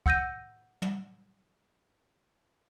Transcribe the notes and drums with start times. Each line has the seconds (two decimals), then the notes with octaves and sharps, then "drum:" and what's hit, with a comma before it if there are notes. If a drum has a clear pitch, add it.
0.06 F#5 E6 G6 A#6 D#7, drum: kick
0.82 drum: tom